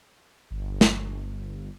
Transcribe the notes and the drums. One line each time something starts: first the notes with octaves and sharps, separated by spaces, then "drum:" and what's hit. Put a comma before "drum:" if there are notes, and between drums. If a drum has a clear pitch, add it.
G1
drum: snare